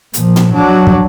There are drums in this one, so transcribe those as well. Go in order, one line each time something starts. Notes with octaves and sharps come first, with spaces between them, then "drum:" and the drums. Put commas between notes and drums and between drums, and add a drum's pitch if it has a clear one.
A#2 F3, drum: hi-hat
drum: tom
F#3 D4
drum: kick